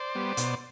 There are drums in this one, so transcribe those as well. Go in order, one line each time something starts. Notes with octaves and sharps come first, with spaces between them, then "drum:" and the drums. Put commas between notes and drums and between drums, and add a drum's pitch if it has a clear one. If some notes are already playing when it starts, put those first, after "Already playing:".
Already playing: C5 D5
G3 B3
B2, drum: hi-hat